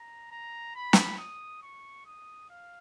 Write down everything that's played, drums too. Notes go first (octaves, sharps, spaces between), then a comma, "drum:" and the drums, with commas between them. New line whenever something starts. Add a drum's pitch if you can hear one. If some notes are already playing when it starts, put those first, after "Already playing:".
Already playing: A#5
A#5
B5
drum: snare
D#6
C#6
D#6
F5